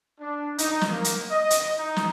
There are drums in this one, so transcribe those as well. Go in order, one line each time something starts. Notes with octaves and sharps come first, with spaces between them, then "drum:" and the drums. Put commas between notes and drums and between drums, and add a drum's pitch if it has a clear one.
D4
D#4, drum: hi-hat
drum: snare
A#3
drum: hi-hat
D#5
drum: hi-hat
D#4
drum: snare